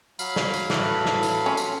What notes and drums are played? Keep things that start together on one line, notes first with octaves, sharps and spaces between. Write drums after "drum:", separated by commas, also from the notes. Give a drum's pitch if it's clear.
F#3 F5 B5, drum: tambourine
drum: snare
drum: tambourine
A2 E3 A4, drum: snare
drum: snare
drum: tambourine
C#4 F4
drum: tambourine